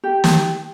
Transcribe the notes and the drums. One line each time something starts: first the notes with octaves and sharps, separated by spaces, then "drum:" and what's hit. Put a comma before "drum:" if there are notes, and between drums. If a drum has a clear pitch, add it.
G4
drum: snare